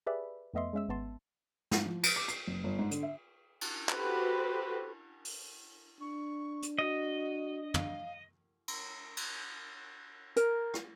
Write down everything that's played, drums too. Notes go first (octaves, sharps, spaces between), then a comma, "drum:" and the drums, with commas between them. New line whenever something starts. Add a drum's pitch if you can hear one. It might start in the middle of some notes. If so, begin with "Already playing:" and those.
G4 G#4 B4 D5 E5 B5
F2 A3 B3 D#5 E5 C6
G#3 C#4 E5 E6
G#1 B3 A5 C6
G#2, drum: snare
F3
D#7, drum: cymbal
D6
C7, drum: hi-hat
F#1
G1
G#2
D3, drum: hi-hat
E5
drum: cymbal
F#4 G4 A4 B4 C5, drum: clap
drum: open hi-hat
D4 C#6
drum: hi-hat
F#4 D#5
F5, drum: tom
drum: cymbal
drum: cymbal
A#4, drum: hi-hat
drum: rim click